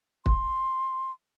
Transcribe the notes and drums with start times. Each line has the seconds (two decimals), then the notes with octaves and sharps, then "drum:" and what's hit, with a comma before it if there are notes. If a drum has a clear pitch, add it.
0.26 C6, drum: kick